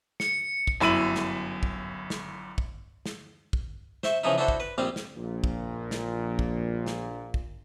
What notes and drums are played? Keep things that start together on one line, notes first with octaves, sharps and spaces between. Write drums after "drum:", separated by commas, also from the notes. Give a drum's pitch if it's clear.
C#7, drum: snare
drum: kick
G1 F#2 E4 E6 D#7 F#7
drum: snare
drum: kick
drum: snare
drum: kick
drum: snare
drum: kick
C5 E5 C#6, drum: snare
C#3 E3 F3 D#4 E4
D4 E4 F#4 A4 C5
drum: kick
B4
A#1 G3 C4 G4 F5
drum: snare
A#1 A#2
drum: kick
drum: snare
drum: kick
drum: snare
drum: kick